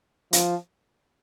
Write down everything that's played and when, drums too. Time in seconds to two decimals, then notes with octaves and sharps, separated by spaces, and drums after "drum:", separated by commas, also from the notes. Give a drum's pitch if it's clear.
0.33 F3, drum: hi-hat